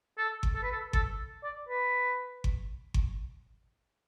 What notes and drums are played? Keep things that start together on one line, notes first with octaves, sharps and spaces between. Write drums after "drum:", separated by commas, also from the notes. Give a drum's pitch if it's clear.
A4
drum: kick G1
A4
B4
A4
A4, drum: kick G1
D5
B4
drum: kick G1
drum: kick G1